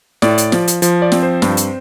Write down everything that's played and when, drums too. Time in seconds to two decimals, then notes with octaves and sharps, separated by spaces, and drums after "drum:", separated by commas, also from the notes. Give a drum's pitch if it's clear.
0.22 A2 D5, drum: snare
0.38 drum: hi-hat
0.52 F3, drum: snare
0.67 drum: hi-hat
0.82 F3, drum: hi-hat
1.02 D5
1.12 C4, drum: snare
1.23 C5
1.42 G2, drum: snare
1.57 drum: hi-hat